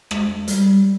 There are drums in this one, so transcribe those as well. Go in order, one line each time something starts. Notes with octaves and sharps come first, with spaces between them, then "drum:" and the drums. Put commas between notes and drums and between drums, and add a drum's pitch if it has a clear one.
G#3, drum: rim click
G3, drum: hi-hat